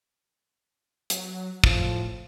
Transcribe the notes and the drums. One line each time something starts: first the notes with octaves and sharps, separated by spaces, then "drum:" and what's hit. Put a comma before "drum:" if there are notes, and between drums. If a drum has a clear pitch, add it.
F#3, drum: hi-hat
A2 F3, drum: kick